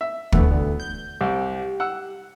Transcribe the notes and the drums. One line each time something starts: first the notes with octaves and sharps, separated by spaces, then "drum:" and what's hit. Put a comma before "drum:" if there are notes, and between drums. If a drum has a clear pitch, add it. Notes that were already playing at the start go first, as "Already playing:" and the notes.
E5
D2 E3 A3 B3, drum: kick
D2
G6
C2 G4
F#5 E6